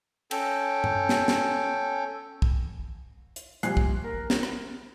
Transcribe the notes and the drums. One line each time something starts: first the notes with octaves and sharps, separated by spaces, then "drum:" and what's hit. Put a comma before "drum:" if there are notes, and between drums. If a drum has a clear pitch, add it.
C#4 A4 G5, drum: cymbal
drum: tom G2
drum: snare
drum: snare
drum: kick
drum: hi-hat
A#1 G3 C5 G#5 F#6 C7, drum: hi-hat
drum: kick
A#4
drum: snare
drum: rim click